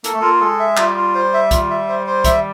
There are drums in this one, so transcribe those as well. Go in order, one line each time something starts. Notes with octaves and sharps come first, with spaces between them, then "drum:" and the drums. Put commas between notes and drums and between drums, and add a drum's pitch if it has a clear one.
A#3 A4, drum: hi-hat
A3
A#3 F4
G#3 A4
E5
G3 F4, drum: clap
F4
C5
E5
F4, drum: kick, hi-hat
E5
C5
C5
E5, drum: kick, hi-hat